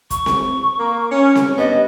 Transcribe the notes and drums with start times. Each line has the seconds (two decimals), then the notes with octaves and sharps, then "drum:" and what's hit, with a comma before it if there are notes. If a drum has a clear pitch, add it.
0.10 C#6, drum: kick, hi-hat
0.26 drum: snare C4
0.79 A#3
1.12 C#4
1.35 drum: snare C4
1.58 G2 B3 D#5